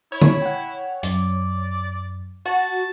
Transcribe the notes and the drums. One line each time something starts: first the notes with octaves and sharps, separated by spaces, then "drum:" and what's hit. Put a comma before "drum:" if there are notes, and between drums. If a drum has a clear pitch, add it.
E4 C#5
drum: tom D3
F#5 G5
F#2 D5, drum: hi-hat
F#4 A5